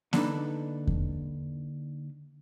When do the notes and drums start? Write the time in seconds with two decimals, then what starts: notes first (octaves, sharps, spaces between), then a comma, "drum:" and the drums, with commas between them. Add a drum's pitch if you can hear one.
0.13 D3 A#3 D4 D#4 A4 B4, drum: snare B3
0.87 drum: kick E2